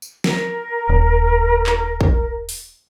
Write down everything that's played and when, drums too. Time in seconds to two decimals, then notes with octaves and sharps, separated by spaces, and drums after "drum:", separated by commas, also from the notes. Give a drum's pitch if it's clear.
0.02 drum: tambourine
0.24 A#4, drum: snare
0.89 D#1
1.66 drum: clap
2.01 drum: kick
2.49 drum: open hi-hat